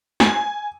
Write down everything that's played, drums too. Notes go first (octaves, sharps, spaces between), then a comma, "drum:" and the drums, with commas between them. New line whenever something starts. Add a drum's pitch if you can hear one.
G#5, drum: snare